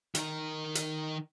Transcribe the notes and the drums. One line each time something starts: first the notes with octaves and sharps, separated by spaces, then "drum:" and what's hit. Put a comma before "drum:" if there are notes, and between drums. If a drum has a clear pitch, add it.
D#3 A#4, drum: hi-hat
drum: hi-hat